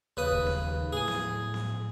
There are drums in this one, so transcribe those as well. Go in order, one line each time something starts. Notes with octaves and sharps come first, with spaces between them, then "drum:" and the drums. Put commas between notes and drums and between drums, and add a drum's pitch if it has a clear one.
D#2 C#3 B4 D#6
drum: kick
drum: snare B3
A2 G#4 G#5
drum: snare B3
drum: snare B3